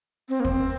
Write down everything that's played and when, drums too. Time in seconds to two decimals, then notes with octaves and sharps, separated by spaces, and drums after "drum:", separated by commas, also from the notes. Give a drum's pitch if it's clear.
0.29 C4
0.40 A#3
0.45 C4, drum: kick